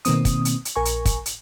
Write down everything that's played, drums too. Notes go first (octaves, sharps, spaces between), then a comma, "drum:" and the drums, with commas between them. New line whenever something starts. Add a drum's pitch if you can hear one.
B2 D#3 A#3 C4 D#6, drum: hi-hat
drum: kick, hi-hat
drum: hi-hat
drum: hi-hat
A#1 A#4 G#5 C#6
drum: hi-hat
drum: kick, hi-hat
drum: hi-hat